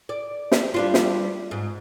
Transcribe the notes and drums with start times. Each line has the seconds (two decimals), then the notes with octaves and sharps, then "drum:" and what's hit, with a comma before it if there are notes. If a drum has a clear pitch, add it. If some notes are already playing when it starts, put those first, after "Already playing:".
0.09 D5
0.52 drum: snare
0.74 G3 D4 F4
0.94 drum: snare
1.51 G#2